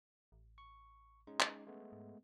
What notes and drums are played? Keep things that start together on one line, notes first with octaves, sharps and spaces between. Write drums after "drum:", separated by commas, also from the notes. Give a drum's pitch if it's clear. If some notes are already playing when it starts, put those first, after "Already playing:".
A1
C#6
G#3 C#4 D#4
drum: clap
G#3 A3 B3
G#2